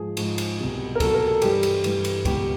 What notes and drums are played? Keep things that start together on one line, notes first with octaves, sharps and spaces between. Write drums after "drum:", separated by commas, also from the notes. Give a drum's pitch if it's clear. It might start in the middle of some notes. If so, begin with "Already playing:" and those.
Already playing: G#2 F3 G#4
G#2 F3, drum: cymbal
drum: cymbal
C2 B2 F#3
A#4
C2 B2 F#3 A4, drum: kick, cymbal
A#4
A4
G2 E3 G3 G4, drum: cymbal
drum: cymbal
G2 E3 G3, drum: cymbal
drum: cymbal
C#2 B2 G3 G4, drum: kick, cymbal